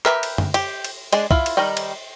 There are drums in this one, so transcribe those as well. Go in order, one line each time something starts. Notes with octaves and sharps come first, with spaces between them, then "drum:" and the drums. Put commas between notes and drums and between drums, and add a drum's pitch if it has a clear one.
G4 A#4 B4 E5, drum: clap
drum: cymbal
drum: tom F#2
G4, drum: cymbal
drum: cymbal
G#3 D4 G#4, drum: cymbal
E4 F4, drum: kick
drum: cymbal
D#3 G3 D#4 A#5
drum: cymbal